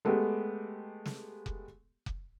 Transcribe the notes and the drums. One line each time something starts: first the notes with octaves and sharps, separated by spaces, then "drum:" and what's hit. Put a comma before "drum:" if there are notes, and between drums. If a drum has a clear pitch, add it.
G#3 A3 B3 G4
drum: snare
drum: kick F1
drum: kick F1